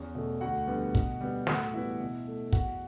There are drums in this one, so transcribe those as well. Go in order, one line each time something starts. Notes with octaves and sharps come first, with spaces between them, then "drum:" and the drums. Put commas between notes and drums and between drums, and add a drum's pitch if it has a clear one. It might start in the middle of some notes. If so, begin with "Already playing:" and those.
Already playing: E2 C#4
B2 A3
D2 F#4 F#5
D3 G3 B3
B2, drum: kick
G3 B3
A2 F#4 F#5, drum: snare
E3 G3 B3 E4 E5
B2
A3
E2 F#4 F#5, drum: kick